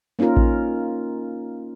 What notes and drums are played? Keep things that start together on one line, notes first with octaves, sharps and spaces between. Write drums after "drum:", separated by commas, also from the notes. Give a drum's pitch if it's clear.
A#3 C#4 D#4 F4 A#4
drum: kick A1